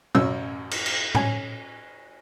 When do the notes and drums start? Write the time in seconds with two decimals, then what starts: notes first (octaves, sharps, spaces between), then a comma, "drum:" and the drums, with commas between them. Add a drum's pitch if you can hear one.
0.15 A1 F#2 C#5 E6, drum: tom
0.71 drum: cymbal
0.86 drum: cymbal
1.15 C#4 G#5, drum: tom A2